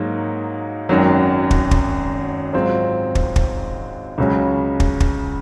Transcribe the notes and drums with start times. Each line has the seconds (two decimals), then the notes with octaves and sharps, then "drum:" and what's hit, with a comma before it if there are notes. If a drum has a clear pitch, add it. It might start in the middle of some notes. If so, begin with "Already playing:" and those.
Already playing: G#2 F#3 A#3 D#4
0.89 G#1 F#2 D#3 F#3
1.51 drum: kick
1.71 drum: kick
2.53 G#2 F#3 C4 F4
3.15 drum: kick
3.36 drum: kick
4.18 C#2 C#3 F#3 C#4
4.80 drum: kick
5.00 drum: kick